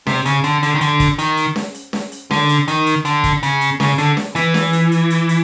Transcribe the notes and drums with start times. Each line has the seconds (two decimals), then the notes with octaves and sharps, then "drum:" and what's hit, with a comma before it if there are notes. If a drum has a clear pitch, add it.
0.07 C3, drum: snare C#4
0.25 C#3, drum: hi-hat
0.44 D3, drum: hi-hat
0.63 D3, drum: hi-hat
0.75 D#3
0.81 D3, drum: hi-hat
1.00 drum: kick, hi-hat
1.19 D#3, drum: hi-hat
1.37 drum: hi-hat
1.56 drum: snare C#4
1.74 drum: hi-hat
1.93 drum: snare C#4
2.12 drum: hi-hat
2.31 D3, drum: snare C#4
2.49 drum: hi-hat
2.68 D#3, drum: hi-hat
2.86 drum: hi-hat
3.05 D3, drum: hi-hat
3.24 drum: kick, hi-hat
3.43 C#3, drum: hi-hat
3.61 drum: hi-hat
3.80 C#3, drum: snare C#4
3.98 D3, drum: hi-hat
4.17 drum: snare C#4
4.36 E3, drum: hi-hat
4.54 drum: snare C#4
4.73 drum: hi-hat
4.92 drum: hi-hat
5.10 drum: hi-hat
5.29 drum: hi-hat